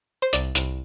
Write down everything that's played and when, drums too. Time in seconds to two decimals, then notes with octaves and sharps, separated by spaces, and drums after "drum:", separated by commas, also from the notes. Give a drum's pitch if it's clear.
0.22 C5
0.33 C2 D5, drum: hi-hat
0.55 C2, drum: hi-hat